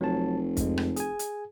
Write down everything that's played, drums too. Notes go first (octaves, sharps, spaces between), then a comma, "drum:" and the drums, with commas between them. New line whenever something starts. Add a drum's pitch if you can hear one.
F1 F#3 A5
F2 G#3, drum: kick, hi-hat
drum: rim click
G#4 G#5, drum: hi-hat
drum: hi-hat